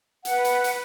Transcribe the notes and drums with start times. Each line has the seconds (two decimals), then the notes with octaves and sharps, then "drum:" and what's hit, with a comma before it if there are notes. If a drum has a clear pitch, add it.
0.25 B4 F#5, drum: hi-hat
0.44 drum: hi-hat
0.64 drum: hi-hat